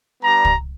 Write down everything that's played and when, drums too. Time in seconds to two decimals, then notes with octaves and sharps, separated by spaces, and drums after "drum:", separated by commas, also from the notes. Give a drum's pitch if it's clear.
0.23 G3 B3 D4 G4 A#5
0.45 drum: kick